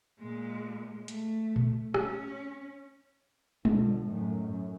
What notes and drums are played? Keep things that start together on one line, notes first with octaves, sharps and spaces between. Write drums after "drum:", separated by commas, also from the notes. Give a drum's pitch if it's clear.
A#2 G#3
A3, drum: hi-hat
drum: tom A#2
C#4, drum: rim click
B1 B2 D3 F3, drum: tom G3
F#2 A2 D#3 A3
F#2